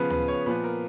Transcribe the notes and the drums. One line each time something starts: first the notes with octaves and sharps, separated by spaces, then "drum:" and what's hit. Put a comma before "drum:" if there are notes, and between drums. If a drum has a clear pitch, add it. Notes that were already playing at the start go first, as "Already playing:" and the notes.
Already playing: C#3 F3 B3 B4
B4, drum: tom D2
C#5
A#2 F3 B3 B4
A#4